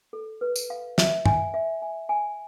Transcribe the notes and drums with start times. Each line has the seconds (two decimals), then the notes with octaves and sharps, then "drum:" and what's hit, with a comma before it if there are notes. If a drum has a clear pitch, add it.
0.13 A4
0.41 B4
0.56 drum: tambourine
0.70 F5
0.98 E5, drum: snare
1.26 G#5, drum: tom
1.54 E5
1.82 G#5
2.09 G#5